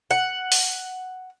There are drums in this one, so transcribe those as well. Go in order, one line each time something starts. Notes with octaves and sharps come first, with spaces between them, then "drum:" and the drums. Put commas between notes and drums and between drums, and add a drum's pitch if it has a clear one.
F#5
drum: open hi-hat